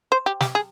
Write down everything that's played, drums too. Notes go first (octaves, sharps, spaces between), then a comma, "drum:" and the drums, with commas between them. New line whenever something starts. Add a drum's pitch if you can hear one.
C5
G4
G4, drum: snare
G#4